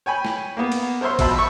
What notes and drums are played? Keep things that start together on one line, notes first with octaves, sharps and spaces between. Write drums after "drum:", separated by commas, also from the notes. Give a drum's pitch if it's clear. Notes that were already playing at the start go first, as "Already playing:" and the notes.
C#5 G5 G#5 B5
drum: snare
A#3 B3
drum: cymbal
A#4 C5 C#5 E5 C6
F2 B2 E5 A5 B5 E6, drum: kick A1, cymbal
C#6 E6